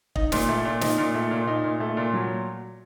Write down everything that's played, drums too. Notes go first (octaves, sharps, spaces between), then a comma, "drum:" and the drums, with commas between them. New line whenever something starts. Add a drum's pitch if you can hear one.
D#4, drum: kick
A#2, drum: snare
A3
A#2
D#4, drum: snare
A#2
A3
A#2
D#4
A#2
A3
A#2
F#3